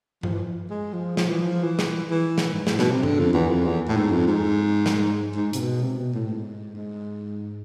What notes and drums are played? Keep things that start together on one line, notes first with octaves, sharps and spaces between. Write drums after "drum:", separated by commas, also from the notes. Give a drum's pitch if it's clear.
F3, drum: tom G2
E3
F3
G#3
F3
F3, drum: snare
E3
F3
E3
drum: snare
E3
drum: snare
G#2
A2, drum: snare
B2, drum: snare
C3
D3, drum: tom G2
F2
E2
F2
E2
A2
G#2
F2
G#2
drum: snare
G#2
C3, drum: hi-hat
B2
C3
B2
A2
G#2
G#2